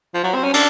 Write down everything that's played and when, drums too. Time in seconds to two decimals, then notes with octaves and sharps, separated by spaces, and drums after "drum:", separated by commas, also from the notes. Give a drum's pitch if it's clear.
0.14 F3
0.23 F#3
0.34 C4
0.43 C#4
0.54 D4, drum: cymbal